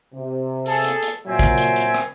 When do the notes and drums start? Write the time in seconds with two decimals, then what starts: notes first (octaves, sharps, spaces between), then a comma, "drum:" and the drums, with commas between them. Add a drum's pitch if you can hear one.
0.14 C3
0.66 G#4 A4, drum: open hi-hat
0.84 drum: hi-hat
1.03 drum: hi-hat
1.26 A#2 F#3 C4 E5 G#5
1.39 drum: kick, hi-hat
1.58 drum: hi-hat
1.76 drum: hi-hat
1.94 drum: rim click